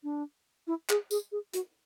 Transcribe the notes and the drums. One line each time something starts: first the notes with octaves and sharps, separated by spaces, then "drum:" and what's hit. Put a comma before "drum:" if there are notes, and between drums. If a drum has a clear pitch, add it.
D4
E4
G#4, drum: clap
G#4, drum: tambourine
G#4
F#4, drum: hi-hat